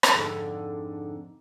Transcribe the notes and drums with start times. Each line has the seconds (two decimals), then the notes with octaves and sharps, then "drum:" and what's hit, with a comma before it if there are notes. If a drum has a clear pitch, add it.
0.03 drum: rim click
0.13 F2 G#2 D3